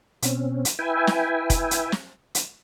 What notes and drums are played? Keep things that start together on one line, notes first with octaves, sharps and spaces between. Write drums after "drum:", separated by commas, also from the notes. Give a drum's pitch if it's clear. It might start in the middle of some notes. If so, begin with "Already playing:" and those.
B2 C4 C#4, drum: hi-hat
drum: hi-hat
E4 B4 E5 G5 G#5
drum: snare
drum: kick, hi-hat
drum: hi-hat
drum: snare
drum: hi-hat